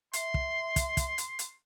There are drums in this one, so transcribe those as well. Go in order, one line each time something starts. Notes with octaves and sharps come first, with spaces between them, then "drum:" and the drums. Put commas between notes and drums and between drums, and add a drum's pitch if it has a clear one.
E5 C6, drum: hi-hat
drum: kick
drum: kick, hi-hat
drum: kick, hi-hat
drum: hi-hat
drum: hi-hat